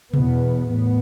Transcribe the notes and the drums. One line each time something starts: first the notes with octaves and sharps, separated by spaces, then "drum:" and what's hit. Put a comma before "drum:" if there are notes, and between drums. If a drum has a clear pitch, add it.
E2 B2 B3, drum: tom C3
A2 B3